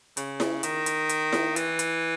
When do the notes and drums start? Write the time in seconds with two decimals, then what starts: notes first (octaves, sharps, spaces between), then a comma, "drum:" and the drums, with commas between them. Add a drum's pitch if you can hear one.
0.17 C#3, drum: hi-hat
0.40 drum: snare E4
0.63 D#3, drum: hi-hat
0.86 drum: hi-hat
1.09 drum: hi-hat
1.33 drum: snare E4
1.56 E3, drum: hi-hat
1.79 drum: hi-hat